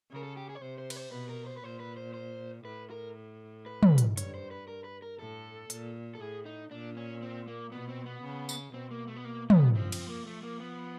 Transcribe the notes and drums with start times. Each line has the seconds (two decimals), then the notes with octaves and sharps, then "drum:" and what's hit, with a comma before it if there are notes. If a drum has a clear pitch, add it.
0.11 C#3
0.16 A#4
0.23 A4
0.37 G4
0.49 G#4
0.55 C#5
0.62 C3 C5
0.78 C5
0.90 B4, drum: cymbal
0.96 C5
1.12 B2 B4
1.29 A#4
1.46 C5
1.57 B4
1.63 A#2 C5
1.80 B4
1.97 C5
2.14 C5
2.65 A2 B4
2.90 A#4
3.66 B4
3.83 drum: tom
3.98 drum: hi-hat
4.17 G2 C#5, drum: hi-hat
4.34 C5
4.51 B4
4.68 A#4
4.84 B4
5.02 A#4
5.19 A2 A4
5.70 A#2, drum: hi-hat
6.15 A4
6.20 A2 G#4
6.45 D#4
6.71 A#2 D4
6.97 C#4
7.22 C4
7.48 A#3
7.72 B2 B3
7.89 C4
8.06 B3
8.23 C#3
8.49 drum: tambourine
8.74 B2 C4
8.91 A#3
9.08 A3
9.16 B3
9.25 A#3
9.50 B3, drum: tom
9.75 F3 C4
9.92 C4, drum: cymbal
10.09 A#3
10.26 F3 A3
10.43 A#3
10.60 B3